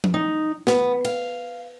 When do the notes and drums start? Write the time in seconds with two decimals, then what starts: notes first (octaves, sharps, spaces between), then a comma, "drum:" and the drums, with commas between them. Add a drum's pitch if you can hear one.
0.04 drum: tom F3
0.14 D#4
0.67 B3, drum: snare
1.05 F5, drum: cymbal